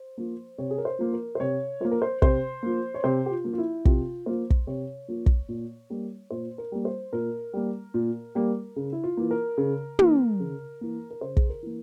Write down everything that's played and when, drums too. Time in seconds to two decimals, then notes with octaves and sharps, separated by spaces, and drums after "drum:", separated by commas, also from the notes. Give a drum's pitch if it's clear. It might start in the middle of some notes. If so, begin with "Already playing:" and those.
Already playing: C5
0.18 F3 A#3
0.58 C3 C#5
0.71 G#4
0.78 A#4
0.85 C5
0.99 F3 A#3
1.13 A#4
1.35 C5
1.40 C3 C#5
1.80 F3 A#3 C5
1.91 A#4
2.02 C5
2.22 C3 C5, drum: kick
2.63 F3 A#3
2.94 C#5
3.04 C3 C5
3.26 G4
3.31 F4
3.44 F3 A#3
3.53 F4
3.58 E4
3.85 C3 F4, drum: kick
4.26 F3 A#3 C5
4.50 drum: kick
4.67 C3 C#5
5.08 F3 A#3
5.26 drum: kick
5.49 A#2
5.90 G3 A#3
6.30 A#2 C5
6.58 A#4
6.72 G3 A#3
6.85 C5
7.13 A#2 A#4
7.53 G3 A#3
7.94 A#2
8.35 G3 A#3
8.76 C#3
8.92 E4
9.03 F4
9.17 E3 A#3
9.31 A#4
9.58 C#3
9.99 E3 A#3, drum: tom
10.40 C#3
10.81 E3 A#3
11.11 A#4
11.21 C#3 C5
11.37 G#4, drum: kick
11.49 A#4
11.63 E3 A#3